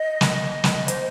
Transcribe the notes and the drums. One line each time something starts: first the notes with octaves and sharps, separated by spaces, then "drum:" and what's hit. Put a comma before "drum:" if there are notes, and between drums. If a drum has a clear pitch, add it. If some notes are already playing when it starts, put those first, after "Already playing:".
Already playing: D#5
drum: snare
drum: snare
C5, drum: hi-hat